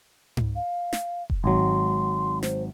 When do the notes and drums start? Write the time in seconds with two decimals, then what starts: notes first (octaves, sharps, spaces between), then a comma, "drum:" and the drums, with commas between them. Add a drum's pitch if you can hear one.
0.37 drum: tom G#2
0.56 F5
0.93 drum: snare
1.30 drum: kick F1
1.44 G#1 F#3 C6
2.43 C5, drum: snare